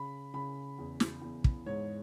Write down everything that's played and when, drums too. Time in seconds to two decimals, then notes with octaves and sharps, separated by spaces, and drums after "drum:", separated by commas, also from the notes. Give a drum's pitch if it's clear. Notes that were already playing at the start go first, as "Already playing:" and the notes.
Already playing: C#3 B5
0.34 C#3 B5
0.79 E2
1.00 drum: snare
1.22 E2
1.44 drum: kick
1.66 G#2 C#5